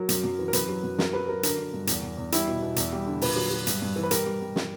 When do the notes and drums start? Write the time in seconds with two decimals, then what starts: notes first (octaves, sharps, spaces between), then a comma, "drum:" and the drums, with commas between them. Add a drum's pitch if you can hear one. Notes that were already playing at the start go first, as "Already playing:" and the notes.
Already playing: F#3 A#4
0.09 F#2, drum: hi-hat
0.24 F#2
0.39 E3
0.48 A#4
0.53 F#2 B4, drum: hi-hat
0.69 F#3
0.84 F#2
0.99 F#3 A#4, drum: snare
1.13 F#3 B4
1.28 F#3 A#4
1.43 D3 A#4, drum: hi-hat
1.58 D3
1.73 G2
1.87 E2, drum: hi-hat
2.02 E2
2.18 E2
2.32 G3 E4, drum: hi-hat
2.47 B2
2.62 B2
2.76 E2, drum: hi-hat
2.93 G3
3.06 D3
3.21 A#2 B4, drum: open hi-hat
3.36 F#3
3.51 F#3
3.67 G2, drum: hi-hat
3.82 G2
3.96 E3
4.03 B4
4.11 G3 A#4, drum: hi-hat
4.26 G3
4.41 G3
4.56 drum: snare